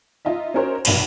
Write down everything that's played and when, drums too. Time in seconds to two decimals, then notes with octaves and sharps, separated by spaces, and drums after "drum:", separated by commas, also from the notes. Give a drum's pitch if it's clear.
0.25 D#4 F4 D#5 E5
0.54 C#4 D#4 F#4 A#4 C5 C#5
0.85 F1 B1 F2 B5, drum: cymbal